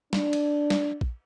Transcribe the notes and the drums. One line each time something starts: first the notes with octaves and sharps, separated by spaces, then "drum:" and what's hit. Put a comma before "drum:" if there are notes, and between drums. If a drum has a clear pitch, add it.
D4, drum: snare
drum: cymbal
drum: snare
drum: kick A#1